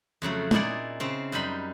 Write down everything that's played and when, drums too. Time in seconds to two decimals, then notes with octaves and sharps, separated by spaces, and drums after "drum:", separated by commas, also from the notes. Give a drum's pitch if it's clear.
0.22 F2 C#3 F#3 A3
0.51 A#2 D#4 E4 G#4 D5 F#5, drum: tom
1.00 C#3 C4
1.32 F#2 G3 D#4 B5 C6